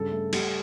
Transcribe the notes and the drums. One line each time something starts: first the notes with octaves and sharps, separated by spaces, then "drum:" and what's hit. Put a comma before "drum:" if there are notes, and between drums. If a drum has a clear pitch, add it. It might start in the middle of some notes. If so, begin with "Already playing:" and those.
Already playing: G2 C#3 A4
A3
G3, drum: cymbal